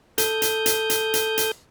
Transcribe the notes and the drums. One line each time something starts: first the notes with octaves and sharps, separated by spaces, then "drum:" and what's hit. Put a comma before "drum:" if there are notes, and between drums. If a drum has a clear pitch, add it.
A4 D#6 G6, drum: hi-hat
drum: hi-hat
drum: hi-hat
drum: hi-hat
drum: hi-hat
drum: hi-hat